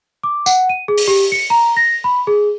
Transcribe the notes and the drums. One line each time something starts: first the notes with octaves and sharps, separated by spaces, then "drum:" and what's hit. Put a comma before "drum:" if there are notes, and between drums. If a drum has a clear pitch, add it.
D6
F#5, drum: tambourine
D#7
G#4
drum: open hi-hat
G4
C#7
A#5
A#6
B5
G#4